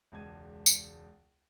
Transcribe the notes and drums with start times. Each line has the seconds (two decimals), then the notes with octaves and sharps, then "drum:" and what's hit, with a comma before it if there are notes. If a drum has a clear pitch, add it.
0.12 E1 C#2 A5 G#6 D#7
0.66 drum: tambourine